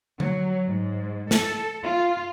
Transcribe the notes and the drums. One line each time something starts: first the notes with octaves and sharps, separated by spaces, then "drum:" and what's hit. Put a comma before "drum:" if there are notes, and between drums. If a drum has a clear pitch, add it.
F#3, drum: tom D3
G#2
A4, drum: snare
F4